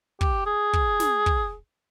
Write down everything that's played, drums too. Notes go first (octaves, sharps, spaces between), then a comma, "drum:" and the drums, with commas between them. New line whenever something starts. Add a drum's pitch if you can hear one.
G4, drum: kick
G#4
drum: kick
drum: snare
drum: kick